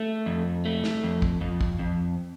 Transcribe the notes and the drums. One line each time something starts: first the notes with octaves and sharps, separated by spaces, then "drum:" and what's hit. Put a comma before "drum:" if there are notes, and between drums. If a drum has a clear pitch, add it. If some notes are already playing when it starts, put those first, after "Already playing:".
Already playing: A3
F2
A3
drum: snare
F2
drum: kick
F2
drum: kick
F2